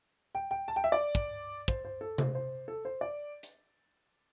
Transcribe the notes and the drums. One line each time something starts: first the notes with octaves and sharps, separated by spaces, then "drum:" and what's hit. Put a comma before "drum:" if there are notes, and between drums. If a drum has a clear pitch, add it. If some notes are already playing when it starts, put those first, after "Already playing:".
G5
G5
A5
G5
E5
D5
drum: kick
C5, drum: kick
C5
A4
C5, drum: tom C3
C5
A4
C5
D5
drum: hi-hat